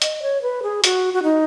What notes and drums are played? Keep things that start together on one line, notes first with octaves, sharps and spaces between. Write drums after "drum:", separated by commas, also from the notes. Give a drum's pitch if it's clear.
D#5, drum: hi-hat
C#5
B4
G#4
F#4, drum: hi-hat
F#4
D#4